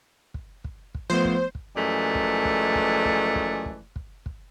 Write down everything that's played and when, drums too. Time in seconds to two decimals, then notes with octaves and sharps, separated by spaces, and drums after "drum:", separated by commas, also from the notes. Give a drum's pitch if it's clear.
0.34 drum: kick
0.64 drum: kick
0.95 drum: kick
1.10 F3 A3 B3 C5
1.25 drum: kick
1.55 drum: kick
1.76 F#2 E3 F3 G#3 A3 D5
2.15 drum: kick
2.45 drum: kick
2.75 drum: kick
3.05 drum: kick
3.35 drum: kick
3.66 drum: kick
3.96 drum: kick
4.26 drum: kick